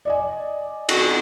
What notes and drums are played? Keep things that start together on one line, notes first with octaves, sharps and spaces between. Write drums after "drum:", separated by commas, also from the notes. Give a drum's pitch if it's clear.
D5 D#5 G#5
B2 D#3 F#4, drum: cymbal